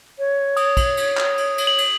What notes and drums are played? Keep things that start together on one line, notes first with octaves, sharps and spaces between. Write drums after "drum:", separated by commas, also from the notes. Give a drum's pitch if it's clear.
C#5
D#6, drum: cymbal
drum: kick, cymbal
drum: cymbal
drum: clap
drum: cymbal
drum: cymbal
F#7
drum: cymbal